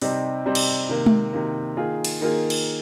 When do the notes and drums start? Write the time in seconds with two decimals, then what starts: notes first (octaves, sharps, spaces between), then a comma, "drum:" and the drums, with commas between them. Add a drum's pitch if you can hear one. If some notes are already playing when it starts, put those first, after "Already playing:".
0.02 C3 G3 C4 D#4, drum: open hi-hat
0.45 C3 G3 C4 D#4
0.55 drum: cymbal
0.89 C3 D#3 A#3
1.06 drum: tom G#3
1.33 C3 D#3 A#3
1.77 D#3 A#3 F4 G#4
2.04 drum: cymbal
2.21 D#3 A#3 F4 G#4
2.50 drum: cymbal